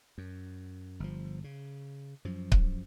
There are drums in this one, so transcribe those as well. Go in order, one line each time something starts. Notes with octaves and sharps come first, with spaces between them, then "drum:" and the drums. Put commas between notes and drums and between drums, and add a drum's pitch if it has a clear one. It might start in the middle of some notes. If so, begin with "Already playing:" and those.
F#2
G1 F3
C#3
F#2 F3
drum: kick C#1